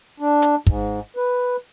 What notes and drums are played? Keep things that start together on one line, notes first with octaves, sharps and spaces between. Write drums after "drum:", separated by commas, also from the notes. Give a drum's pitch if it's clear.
D4
drum: hi-hat
G#2, drum: kick
B4